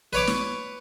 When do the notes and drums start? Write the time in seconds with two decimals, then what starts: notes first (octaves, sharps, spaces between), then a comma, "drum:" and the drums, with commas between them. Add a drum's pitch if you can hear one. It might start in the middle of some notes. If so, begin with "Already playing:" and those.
0.13 B4 C#5 D6
0.27 drum: snare